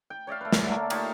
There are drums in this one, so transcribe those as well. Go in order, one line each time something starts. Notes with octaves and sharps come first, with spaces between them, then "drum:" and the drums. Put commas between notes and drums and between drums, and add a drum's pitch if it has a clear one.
G5
C#5 D5 E5 F5
A3 B4
drum: snare
D3 A3 A#3
D#4 F4 G4 C#5, drum: cymbal